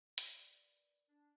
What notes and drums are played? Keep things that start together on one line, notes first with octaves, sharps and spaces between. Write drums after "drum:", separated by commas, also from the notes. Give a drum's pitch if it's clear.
A#4 B4 D5, drum: hi-hat
D4